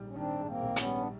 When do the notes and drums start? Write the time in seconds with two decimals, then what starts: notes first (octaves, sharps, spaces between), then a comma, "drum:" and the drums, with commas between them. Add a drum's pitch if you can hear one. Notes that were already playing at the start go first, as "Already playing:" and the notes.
Already playing: A#1 G#2 D#3 G3
0.08 C#4
0.16 D#3 C4 D4
0.39 G#2
0.46 A#3 C4
0.62 A#1
0.76 B3 C#4, drum: hi-hat
0.84 G3
0.97 D4